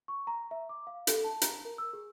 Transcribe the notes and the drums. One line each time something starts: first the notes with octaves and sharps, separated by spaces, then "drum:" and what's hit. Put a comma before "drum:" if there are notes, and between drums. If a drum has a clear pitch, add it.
C#6
A#5
E5
D6
F5
A4, drum: hi-hat
A5
A#5, drum: hi-hat
A#4
E6
G#4